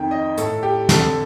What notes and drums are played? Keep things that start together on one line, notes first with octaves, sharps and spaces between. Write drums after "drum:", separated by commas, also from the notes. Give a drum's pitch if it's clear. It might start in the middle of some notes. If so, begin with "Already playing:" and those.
Already playing: F2 D#3 G5
D#5
A2 A4, drum: hi-hat
G4
F2 D3 A4, drum: snare